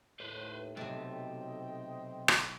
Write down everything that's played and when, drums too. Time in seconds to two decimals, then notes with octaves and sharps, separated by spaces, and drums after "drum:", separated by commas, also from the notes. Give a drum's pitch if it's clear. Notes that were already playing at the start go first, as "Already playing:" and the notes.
0.20 D#2 A2 B4 C5
0.77 B1 C3 A3 C5 D#5 G5
2.28 drum: rim click